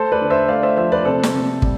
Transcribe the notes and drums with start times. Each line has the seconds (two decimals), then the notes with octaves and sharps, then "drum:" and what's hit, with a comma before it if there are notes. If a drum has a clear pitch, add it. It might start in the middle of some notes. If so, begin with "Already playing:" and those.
Already playing: A3 A4 C5
0.12 B4 D5
0.21 D3
0.30 C5 E5
0.48 A3 D5 F5
0.63 C5 E5
0.77 F3 C5 E5
0.92 B4 D5
1.05 C3 A4 C5
1.23 drum: snare
1.34 C3
1.62 G3, drum: kick